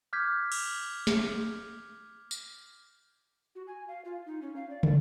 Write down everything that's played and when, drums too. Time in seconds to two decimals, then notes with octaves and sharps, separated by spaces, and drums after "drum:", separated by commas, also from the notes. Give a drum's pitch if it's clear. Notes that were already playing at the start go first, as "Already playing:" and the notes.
0.13 D6 F6 G6 G#6 B6
0.52 drum: cymbal
1.07 drum: snare
2.31 drum: tambourine
3.55 F#4
3.67 G#5
3.88 F5
4.05 F4
4.26 D#4
4.42 C#4
4.56 F5
4.70 D5
4.83 D5, drum: tom